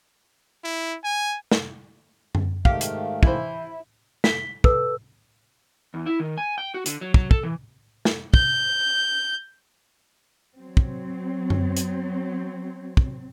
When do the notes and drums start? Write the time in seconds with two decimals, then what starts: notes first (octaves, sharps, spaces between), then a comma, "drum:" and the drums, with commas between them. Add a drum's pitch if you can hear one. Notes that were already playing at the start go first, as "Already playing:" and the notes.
0.64 E4
1.04 G#5
1.51 drum: snare
2.35 drum: tom F#2
2.65 G#2 D#3 A3 G4 F5, drum: kick
2.81 drum: hi-hat
3.23 E3 E4 C5, drum: kick
4.24 B6 G7, drum: snare
4.64 A4 B4 E6, drum: kick
5.94 E2
6.06 E4
6.20 D#3
6.38 G#5
6.58 G5
6.74 F#4
6.86 D3, drum: hi-hat
7.01 F#3
7.14 F#3, drum: kick
7.31 A4, drum: kick
7.43 E3
8.05 drum: snare
8.34 G6, drum: kick
10.57 F#3 C4
10.77 drum: kick
11.50 drum: tom F#2
11.77 drum: hi-hat
12.97 drum: kick